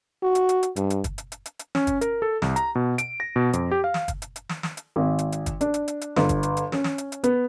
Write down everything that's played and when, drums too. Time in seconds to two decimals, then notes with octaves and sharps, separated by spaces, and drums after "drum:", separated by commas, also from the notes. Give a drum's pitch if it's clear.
0.23 F#4
0.35 drum: hi-hat
0.49 drum: hi-hat
0.63 drum: hi-hat
0.76 G2, drum: hi-hat
0.90 drum: hi-hat
1.04 drum: kick, hi-hat
1.18 drum: hi-hat
1.32 drum: hi-hat
1.46 drum: hi-hat
1.59 drum: hi-hat
1.75 C#4, drum: snare
1.87 drum: kick, hi-hat
2.01 A#4, drum: hi-hat
2.22 A4
2.42 C2, drum: snare
2.56 A#5, drum: hi-hat
2.75 B2
2.98 D7, drum: hi-hat
3.20 A#6
3.36 B2
3.53 F2, drum: hi-hat
3.71 G4
3.84 F5
3.94 drum: snare
4.08 drum: kick, hi-hat
4.22 drum: hi-hat
4.36 drum: hi-hat
4.49 drum: snare
4.63 drum: snare
4.77 drum: hi-hat
4.96 G#1
5.19 drum: hi-hat
5.32 drum: hi-hat
5.46 drum: kick, hi-hat
5.61 D4, drum: hi-hat
5.74 drum: hi-hat
5.88 drum: hi-hat
6.01 drum: hi-hat
6.16 G1, drum: snare
6.29 drum: kick, hi-hat
6.43 drum: hi-hat
6.57 drum: hi-hat
6.72 C#4, drum: snare
6.84 drum: snare
6.98 drum: hi-hat
7.12 drum: hi-hat
7.24 B3, drum: hi-hat